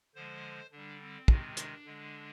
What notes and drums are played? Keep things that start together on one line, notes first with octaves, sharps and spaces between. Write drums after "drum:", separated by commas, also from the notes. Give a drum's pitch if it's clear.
D3 F3 G#3 C5
D3 G3 D4
C4
C3 D#3 G#3, drum: kick
D4, drum: hi-hat
D3 G#3